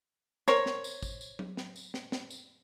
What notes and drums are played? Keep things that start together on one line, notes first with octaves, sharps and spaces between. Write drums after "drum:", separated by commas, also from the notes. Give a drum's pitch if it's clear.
A#4 C5 C#5, drum: snare
drum: snare
drum: tambourine
drum: kick, tambourine
drum: tambourine
drum: tom F#3
drum: snare
drum: tambourine
drum: snare
drum: snare
drum: tambourine